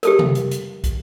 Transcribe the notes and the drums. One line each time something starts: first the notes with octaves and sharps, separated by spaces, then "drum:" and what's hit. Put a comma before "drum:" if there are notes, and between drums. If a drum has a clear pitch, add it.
G4 A4 A#4, drum: hi-hat
drum: tom C3
drum: hi-hat
drum: hi-hat
drum: kick, hi-hat